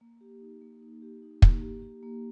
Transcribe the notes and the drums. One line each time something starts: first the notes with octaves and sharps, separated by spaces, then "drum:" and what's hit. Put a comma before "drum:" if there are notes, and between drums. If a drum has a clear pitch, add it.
A#3
G4
D#4
A#3
D#4
G4
D#4
A#3, drum: kick
G4
G4
A#3